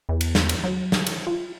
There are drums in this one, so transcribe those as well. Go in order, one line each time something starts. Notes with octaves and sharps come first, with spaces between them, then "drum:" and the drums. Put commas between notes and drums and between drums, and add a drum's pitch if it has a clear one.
E2
drum: cymbal
drum: snare
drum: cymbal
F#3
drum: snare
drum: cymbal
F4